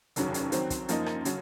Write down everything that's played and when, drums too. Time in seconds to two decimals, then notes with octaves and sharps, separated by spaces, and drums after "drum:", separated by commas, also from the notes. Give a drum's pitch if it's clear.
0.16 F1 D#2 C#3 F#3, drum: hi-hat
0.34 drum: hi-hat
0.52 D#3 F#3 C4, drum: hi-hat
0.70 drum: kick, hi-hat
0.88 F#2 F3 A#3 D#4, drum: hi-hat
1.06 drum: rim click
1.25 C#3 F#3, drum: hi-hat